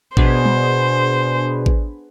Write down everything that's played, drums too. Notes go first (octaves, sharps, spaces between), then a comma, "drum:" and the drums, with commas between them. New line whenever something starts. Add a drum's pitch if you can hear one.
B2 D4 G#4 B4 C5, drum: kick A1
drum: tom G3
drum: kick A1